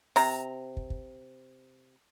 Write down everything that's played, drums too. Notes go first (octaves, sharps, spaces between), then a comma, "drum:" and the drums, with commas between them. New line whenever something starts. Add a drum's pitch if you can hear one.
C3 A#5, drum: open hi-hat
drum: kick
drum: kick